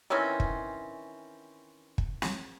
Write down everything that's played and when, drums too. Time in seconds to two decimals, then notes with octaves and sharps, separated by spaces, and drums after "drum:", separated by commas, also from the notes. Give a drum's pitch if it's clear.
0.10 D#3 E3 C4 C#4
0.40 drum: kick
1.98 drum: kick
2.22 drum: snare